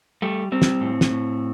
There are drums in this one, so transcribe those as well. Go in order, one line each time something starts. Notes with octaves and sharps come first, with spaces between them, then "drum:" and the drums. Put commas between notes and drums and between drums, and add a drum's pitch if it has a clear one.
G3 A3
G3 C4
drum: snare
A2
drum: snare
A2